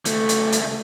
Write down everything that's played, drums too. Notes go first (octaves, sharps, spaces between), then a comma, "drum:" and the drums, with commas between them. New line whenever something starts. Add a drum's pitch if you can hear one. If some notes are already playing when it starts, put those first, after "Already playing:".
C#2 A3, drum: hi-hat
drum: hi-hat
drum: hi-hat